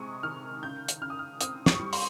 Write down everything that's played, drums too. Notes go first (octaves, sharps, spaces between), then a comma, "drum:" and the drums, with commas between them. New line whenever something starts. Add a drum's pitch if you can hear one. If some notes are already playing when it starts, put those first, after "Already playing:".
Already playing: C3 G#3 C4 C#6 D#6
D#3 F6
C#3 G6
drum: hi-hat
C#3 F6
D#6
F6
C4 D#6, drum: hi-hat
C#6, drum: snare
G3
C6, drum: open hi-hat